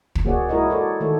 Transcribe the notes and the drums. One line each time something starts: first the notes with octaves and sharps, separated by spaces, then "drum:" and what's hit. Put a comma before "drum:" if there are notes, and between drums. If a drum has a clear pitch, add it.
drum: kick
A#3 F#4 G#4 C#5 D5 F#5
G#3 E4 F#4 A#4 C#5 D#5
F#4 A4 C#5 D5
D#3 A3 A4 C#5